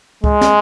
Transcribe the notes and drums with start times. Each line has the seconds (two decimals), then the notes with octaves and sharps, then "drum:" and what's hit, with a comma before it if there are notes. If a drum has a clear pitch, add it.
0.24 G#3, drum: kick C#2
0.41 drum: snare